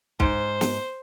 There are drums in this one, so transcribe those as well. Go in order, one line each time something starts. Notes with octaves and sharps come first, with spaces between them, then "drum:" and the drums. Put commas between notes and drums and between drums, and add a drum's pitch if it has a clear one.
G#2 C5, drum: kick
drum: snare